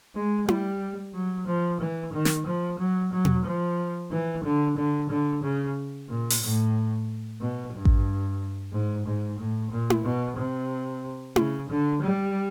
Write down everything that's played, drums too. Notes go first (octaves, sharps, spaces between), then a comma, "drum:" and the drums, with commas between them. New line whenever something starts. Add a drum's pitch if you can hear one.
G#3
G3, drum: tom E4
F#3
F3
E3
D#3
drum: snare
F3
F#3
F#3
drum: tom B2
F3
E3
D3
D3
D3
C#3
A#2
drum: open hi-hat
A2
B2
G2
drum: kick A1
G#2
G#2
A2
A#2
drum: tom E4
B2
C3
C#3, drum: tom E4
D3
G3